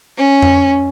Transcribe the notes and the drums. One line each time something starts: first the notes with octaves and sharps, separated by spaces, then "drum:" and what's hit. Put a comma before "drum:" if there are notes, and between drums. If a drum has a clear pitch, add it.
C#4
drum: tom F2